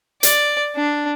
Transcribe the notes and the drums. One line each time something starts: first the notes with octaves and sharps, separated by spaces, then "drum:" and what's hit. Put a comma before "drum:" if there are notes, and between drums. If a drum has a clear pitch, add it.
D5, drum: hi-hat
D4